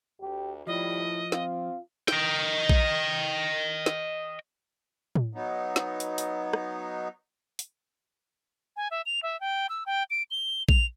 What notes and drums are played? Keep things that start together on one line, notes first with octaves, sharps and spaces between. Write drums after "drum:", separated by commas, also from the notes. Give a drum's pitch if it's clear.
D2 G4
D#2 A2 F3 G3 E4 D#5
C4 F4, drum: snare
D#5 G5, drum: snare
drum: kick A#1
drum: snare
drum: tom A2
F#3 B3 D#4
drum: snare
drum: hi-hat
drum: hi-hat
drum: rim click
drum: hi-hat
G#5
E5
F7
E5
G5
E6
G5
D7
G7
F7, drum: kick A#1